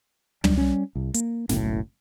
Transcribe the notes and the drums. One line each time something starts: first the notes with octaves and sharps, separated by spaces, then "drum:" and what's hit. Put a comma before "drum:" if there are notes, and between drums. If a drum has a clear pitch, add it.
E1 F#3 G3 D4, drum: tom
G3 C#4
C2
A#3, drum: hi-hat
F#1 B1 A2, drum: snare